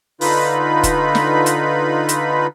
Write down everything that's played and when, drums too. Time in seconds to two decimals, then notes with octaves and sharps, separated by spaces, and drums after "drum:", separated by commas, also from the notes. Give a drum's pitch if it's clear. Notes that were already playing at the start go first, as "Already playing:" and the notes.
0.21 D3 D#4 F4 B4 B5, drum: open hi-hat
0.83 drum: kick, hi-hat
1.15 drum: snare
1.46 drum: hi-hat
2.09 drum: hi-hat